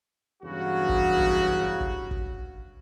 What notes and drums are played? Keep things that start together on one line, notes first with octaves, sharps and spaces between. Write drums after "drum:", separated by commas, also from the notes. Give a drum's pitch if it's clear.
E2 G2 C#3 F#3 F#4
drum: kick
drum: kick
drum: kick
drum: kick